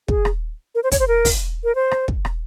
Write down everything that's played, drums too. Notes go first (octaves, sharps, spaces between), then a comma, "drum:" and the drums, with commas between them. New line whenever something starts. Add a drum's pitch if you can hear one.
G#4, drum: kick
drum: rim click
A#4
C5
C#5, drum: kick, hi-hat
C5
A#4
drum: kick, open hi-hat
A#4
C5
drum: rim click
drum: kick
drum: rim click